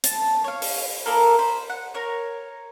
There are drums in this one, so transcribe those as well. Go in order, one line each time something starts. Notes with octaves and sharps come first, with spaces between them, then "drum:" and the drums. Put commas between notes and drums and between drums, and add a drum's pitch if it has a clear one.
A5, drum: hi-hat
C#5 F5
drum: open hi-hat
A#3 E4 A4 A#4
C5 B5
F#5
A#4 C#5